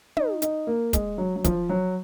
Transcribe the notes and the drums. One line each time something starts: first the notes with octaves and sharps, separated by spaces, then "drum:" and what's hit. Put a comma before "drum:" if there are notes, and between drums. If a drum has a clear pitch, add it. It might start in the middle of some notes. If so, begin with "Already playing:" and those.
D#4, drum: tom
D#4, drum: hi-hat
A#3
G#3, drum: kick, hi-hat
F#3
F#3
F3, drum: kick, hi-hat
F#3